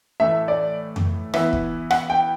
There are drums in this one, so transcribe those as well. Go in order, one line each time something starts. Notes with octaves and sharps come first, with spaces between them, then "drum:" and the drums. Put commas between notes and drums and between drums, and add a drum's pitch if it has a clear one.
A2 E3 A3 E5
D5
drum: tom F2
E3 B3 E4 E5, drum: rim click
drum: kick
F#5, drum: rim click
G5